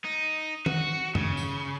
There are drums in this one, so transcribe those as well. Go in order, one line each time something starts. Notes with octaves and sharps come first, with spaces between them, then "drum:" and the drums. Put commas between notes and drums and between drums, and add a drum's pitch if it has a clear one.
D#4
F#4, drum: tom
C#3, drum: tom F#2
drum: tambourine